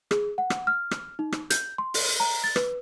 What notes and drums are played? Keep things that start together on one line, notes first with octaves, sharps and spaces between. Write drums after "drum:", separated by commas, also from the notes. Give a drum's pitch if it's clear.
G#4, drum: rim click
F#5
drum: rim click
F6
drum: rim click
D#4
drum: rim click
G6, drum: hi-hat
C6
drum: open hi-hat
A#5
A6
B4, drum: rim click